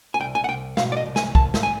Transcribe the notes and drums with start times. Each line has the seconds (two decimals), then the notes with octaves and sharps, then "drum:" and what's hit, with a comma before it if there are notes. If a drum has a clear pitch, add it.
0.14 G#5
0.20 C2 G5
0.35 G#5
0.44 F#5
0.48 C2 G5
0.77 B2 F5, drum: snare
0.92 D5
0.97 D#5
1.06 C2
1.16 G#5, drum: snare
1.35 C2 A5, drum: kick
1.54 drum: snare
1.63 G#5